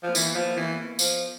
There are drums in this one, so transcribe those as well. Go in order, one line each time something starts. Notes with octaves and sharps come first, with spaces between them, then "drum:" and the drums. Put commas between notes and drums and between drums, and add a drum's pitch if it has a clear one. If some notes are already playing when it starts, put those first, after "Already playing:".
F3
A#3
E3 B3, drum: tambourine
F3 A#3
A#3
E3 B3
B3
F3, drum: tambourine